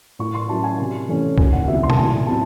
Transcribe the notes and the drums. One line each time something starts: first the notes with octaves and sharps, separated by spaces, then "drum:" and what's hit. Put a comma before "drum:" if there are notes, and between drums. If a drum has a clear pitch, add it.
A2 C#6
C6
F#3 C#4 E4 A5
G#5
C3
E3 A3 C#4
D#2 G#5, drum: kick C2
F#5
C#3 F#3 C4 E4 E5
C6
A5, drum: tom B2
A2 G#5
F#3 C4 E4 A5